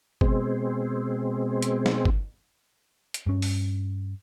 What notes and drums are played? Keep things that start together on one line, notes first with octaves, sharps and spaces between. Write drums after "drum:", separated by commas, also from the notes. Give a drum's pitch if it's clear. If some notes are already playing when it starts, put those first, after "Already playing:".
B2 G#3 C4, drum: kick
drum: hi-hat
drum: snare
drum: kick
drum: hi-hat
G2 C#4
drum: open hi-hat